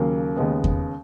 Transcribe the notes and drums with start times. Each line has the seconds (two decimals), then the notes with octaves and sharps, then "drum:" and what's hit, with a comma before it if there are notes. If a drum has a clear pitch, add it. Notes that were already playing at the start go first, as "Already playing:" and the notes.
Already playing: D#2 C#3 F#3 A#3
0.36 D#2 C#3 G#3 B3
0.64 drum: kick E2